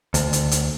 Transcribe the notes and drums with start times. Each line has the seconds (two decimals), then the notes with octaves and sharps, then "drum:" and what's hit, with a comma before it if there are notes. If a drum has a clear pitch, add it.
0.14 D2, drum: hi-hat
0.33 drum: hi-hat
0.51 drum: hi-hat